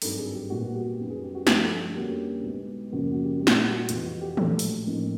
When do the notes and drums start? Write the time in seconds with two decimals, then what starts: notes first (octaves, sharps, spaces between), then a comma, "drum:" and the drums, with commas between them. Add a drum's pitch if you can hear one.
0.02 G#1 G2 D#3 F#3 A4, drum: open hi-hat
0.18 G#4
0.34 G4
0.50 C2 A#2 G3 B3 F#4
0.74 G4
0.98 F#2 D#3 G3 B3
1.10 G#4
1.23 G4
1.35 F#4
1.47 G2 D3 F3 G4, drum: snare
1.63 A4
1.79 F#4
1.95 F2 D3 G3 A#3 C#4 G4
2.43 B1 B2 G#3 B3
2.92 F#1 F#2 C#3 F3 A#3 F#4
3.13 F#4
3.24 G4
3.41 C2 A#2 G3 F#4
3.47 F4, drum: snare
3.52 F#4
3.64 F#4
3.77 F4
3.89 F2 C3 E3 F4, drum: hi-hat
4.05 F#4
4.21 G4
4.37 A#1 A2 F3 A3 A4, drum: tom D#3
4.59 drum: open hi-hat
4.86 A1 A2 F3 A#3 D#4